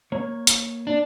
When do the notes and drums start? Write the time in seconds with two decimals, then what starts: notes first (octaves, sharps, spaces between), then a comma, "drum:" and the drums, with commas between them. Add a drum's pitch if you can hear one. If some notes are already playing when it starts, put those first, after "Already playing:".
0.12 A#3 C#5
0.47 drum: hi-hat
0.87 D4